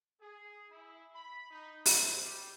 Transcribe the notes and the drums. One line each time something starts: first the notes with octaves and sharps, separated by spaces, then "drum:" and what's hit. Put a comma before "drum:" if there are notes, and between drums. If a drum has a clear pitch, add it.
G#4
E4
B5
D#4
C5, drum: open hi-hat
G3